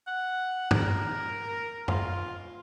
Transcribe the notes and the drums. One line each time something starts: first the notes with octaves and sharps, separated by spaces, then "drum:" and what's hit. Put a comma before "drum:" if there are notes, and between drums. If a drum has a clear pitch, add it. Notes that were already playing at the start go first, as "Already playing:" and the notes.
F#5
A#4, drum: tom
F4, drum: tom